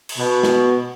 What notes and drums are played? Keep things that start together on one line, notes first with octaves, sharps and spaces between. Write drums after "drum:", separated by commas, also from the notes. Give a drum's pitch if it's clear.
drum: cymbal
B2
drum: snare